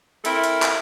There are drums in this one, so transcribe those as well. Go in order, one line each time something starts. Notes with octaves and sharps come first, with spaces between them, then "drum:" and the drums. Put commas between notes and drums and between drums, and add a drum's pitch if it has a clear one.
C4 E4 A4 A#4, drum: hi-hat
drum: hi-hat
drum: clap